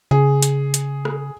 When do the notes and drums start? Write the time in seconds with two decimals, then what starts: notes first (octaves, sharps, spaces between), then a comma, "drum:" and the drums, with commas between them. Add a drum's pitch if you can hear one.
0.11 C#3 G#4
0.42 drum: hi-hat
0.74 drum: hi-hat
1.05 drum: rim click